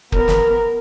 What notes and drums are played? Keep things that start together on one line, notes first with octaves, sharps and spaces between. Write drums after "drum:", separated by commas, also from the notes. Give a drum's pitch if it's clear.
B3 A#4, drum: kick
drum: snare